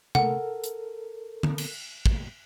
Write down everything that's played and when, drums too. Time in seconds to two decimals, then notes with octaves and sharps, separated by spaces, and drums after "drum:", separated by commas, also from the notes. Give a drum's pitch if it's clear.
0.15 A4 A#4 F#5, drum: tom C3
0.64 drum: hi-hat
1.43 drum: tom D3
1.58 drum: cymbal
2.06 drum: kick